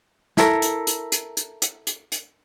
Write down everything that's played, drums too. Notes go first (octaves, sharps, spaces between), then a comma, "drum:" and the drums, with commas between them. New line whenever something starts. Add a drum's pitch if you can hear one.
E4 A4 A#4, drum: snare
drum: hi-hat
drum: hi-hat
drum: hi-hat
drum: hi-hat
drum: hi-hat
drum: hi-hat
drum: hi-hat